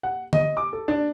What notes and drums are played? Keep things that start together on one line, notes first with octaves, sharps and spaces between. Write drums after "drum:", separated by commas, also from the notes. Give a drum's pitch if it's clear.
F#5
D#5, drum: tom D3
D6
A4
D4